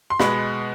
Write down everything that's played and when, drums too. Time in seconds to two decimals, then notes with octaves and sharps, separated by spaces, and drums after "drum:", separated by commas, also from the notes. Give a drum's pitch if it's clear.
0.10 C6
0.19 B2 G#3 B3 B5, drum: snare